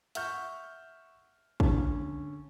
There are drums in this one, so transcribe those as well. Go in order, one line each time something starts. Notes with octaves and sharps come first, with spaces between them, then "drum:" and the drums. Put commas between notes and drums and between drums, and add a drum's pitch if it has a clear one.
E5 F#5 C#6 F6 G6, drum: hi-hat
D3 C#4, drum: kick